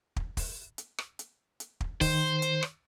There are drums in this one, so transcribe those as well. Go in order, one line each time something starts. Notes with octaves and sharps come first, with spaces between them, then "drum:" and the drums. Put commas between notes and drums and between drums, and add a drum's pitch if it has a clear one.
drum: kick
drum: kick, open hi-hat
drum: hi-hat
drum: rim click
drum: hi-hat
drum: hi-hat
drum: kick
D#3 C5, drum: kick, open hi-hat
drum: hi-hat
drum: rim click